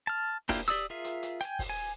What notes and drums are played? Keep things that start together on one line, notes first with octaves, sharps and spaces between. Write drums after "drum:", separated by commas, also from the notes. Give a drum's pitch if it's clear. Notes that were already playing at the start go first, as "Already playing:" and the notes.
A5 F6
A#3 D4 E4 F4 G4, drum: kick, open hi-hat
G4 D5 D#6 E6, drum: rim click
F4 G#4 A#4 E5
drum: hi-hat
drum: hi-hat
G5 G#5, drum: hi-hat
drum: kick, open hi-hat
G#5